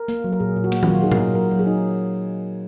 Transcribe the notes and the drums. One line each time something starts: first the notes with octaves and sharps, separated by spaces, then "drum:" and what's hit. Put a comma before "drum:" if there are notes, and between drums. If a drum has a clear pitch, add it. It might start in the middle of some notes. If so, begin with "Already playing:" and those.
Already playing: A#4
A#3, drum: hi-hat
F#3
A#4
A#2 G#4
A#2
F#4
A#3, drum: cymbal
F4, drum: tom D#3
F#3 F#4
D#4 G#4
A#4, drum: tom A#2
A#3
F#3 A#4
F#3
G#4
D#4